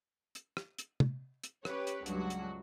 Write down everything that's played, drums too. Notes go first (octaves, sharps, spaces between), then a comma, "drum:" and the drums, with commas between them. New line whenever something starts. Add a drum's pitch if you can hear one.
drum: hi-hat
drum: rim click
drum: hi-hat
drum: tom
drum: hi-hat
C#4 G4 B4 C#5, drum: rim click
drum: hi-hat
C#2 G2 F#3 F#4, drum: hi-hat
drum: hi-hat